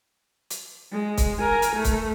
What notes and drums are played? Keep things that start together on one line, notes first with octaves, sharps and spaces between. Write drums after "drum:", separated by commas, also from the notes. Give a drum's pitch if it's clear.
drum: hi-hat
G#3
drum: kick C#1, hi-hat
A#4 G#5
drum: hi-hat
A3
drum: kick C#1, hi-hat